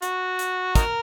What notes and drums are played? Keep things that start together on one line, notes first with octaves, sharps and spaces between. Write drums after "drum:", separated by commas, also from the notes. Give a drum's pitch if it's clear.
F#4, drum: hi-hat
drum: hi-hat
D#4 F#4 A#4, drum: kick, hi-hat